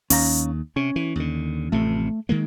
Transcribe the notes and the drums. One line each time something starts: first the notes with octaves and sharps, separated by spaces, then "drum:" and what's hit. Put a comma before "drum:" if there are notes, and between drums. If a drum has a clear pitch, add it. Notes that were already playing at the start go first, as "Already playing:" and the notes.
D#2 C#4 F5 A#5, drum: open hi-hat
C3 C#4
E3
D#2 D3
A1 F2 C3 A3
D#3 G#3 A#3